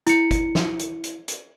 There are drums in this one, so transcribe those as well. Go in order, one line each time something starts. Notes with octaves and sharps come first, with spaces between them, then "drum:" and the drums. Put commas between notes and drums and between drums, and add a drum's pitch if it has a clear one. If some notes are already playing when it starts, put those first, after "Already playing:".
E4 C#7, drum: hi-hat
drum: kick, hi-hat
drum: snare
drum: hi-hat
drum: hi-hat
drum: hi-hat